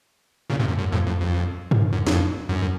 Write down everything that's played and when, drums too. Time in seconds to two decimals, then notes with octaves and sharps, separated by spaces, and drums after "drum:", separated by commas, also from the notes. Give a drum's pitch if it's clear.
0.50 A#2 C#3
0.60 A2 C3
0.68 F#2
0.79 F#2
0.92 F2 A2
1.07 F2
1.21 F2
1.71 drum: tom G2
1.93 F#2
2.07 F2, drum: snare
2.49 F#2